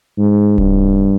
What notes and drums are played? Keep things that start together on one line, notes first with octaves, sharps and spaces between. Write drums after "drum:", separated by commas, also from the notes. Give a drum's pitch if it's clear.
G#2
G2, drum: kick D1